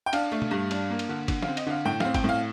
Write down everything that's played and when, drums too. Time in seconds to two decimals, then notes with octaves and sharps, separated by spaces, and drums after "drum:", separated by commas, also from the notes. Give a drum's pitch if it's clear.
0.06 G5
0.13 D4 F5, drum: cymbal
0.32 A3
0.42 drum: tom
0.51 G2
0.71 D4, drum: cymbal
0.90 A#3
0.99 drum: cymbal
1.09 D3
1.28 D3, drum: kick, cymbal
1.42 C4 F5, drum: snare
1.57 D#5, drum: cymbal
1.66 D3 F5
1.85 A2 G5
2.00 C4 F5, drum: snare
2.14 G5, drum: kick, cymbal
2.24 A2 F5